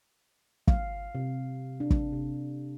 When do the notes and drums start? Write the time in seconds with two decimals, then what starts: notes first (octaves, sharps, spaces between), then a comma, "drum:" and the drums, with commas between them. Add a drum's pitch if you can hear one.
0.68 F5, drum: kick
1.15 C3
1.80 D4
1.90 drum: kick
2.13 C3